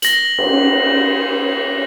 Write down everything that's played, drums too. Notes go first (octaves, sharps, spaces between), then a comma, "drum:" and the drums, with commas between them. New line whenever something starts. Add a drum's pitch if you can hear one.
A#6 F#7, drum: hi-hat
drum: cymbal